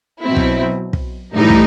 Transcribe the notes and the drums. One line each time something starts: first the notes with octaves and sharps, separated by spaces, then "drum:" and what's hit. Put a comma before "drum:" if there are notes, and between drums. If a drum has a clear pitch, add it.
B2 F#3 C4 E4
drum: kick
drum: kick
A2 E3 G3 D#4
drum: kick